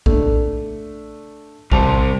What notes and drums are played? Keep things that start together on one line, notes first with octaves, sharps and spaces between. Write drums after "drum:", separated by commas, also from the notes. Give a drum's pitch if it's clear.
A3 D4, drum: kick A#1
C3 G3 C5 A5 F7, drum: kick A#1